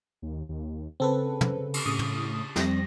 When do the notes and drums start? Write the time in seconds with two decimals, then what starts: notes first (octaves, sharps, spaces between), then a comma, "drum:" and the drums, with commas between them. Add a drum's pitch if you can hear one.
0.22 D#2
0.49 D#2
1.00 C#3 C4 A4 B4
1.41 drum: tom
1.74 drum: cymbal
1.86 A2 C#3 D#6
1.99 drum: tom
2.56 F2 G3 C4 A#6, drum: snare